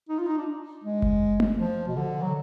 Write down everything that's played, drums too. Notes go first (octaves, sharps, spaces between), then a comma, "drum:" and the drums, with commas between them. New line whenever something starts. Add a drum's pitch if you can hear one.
D#4
F4
D#4
D4
G#3
drum: kick F#1
drum: tom A3
F3
B2
D3
F#3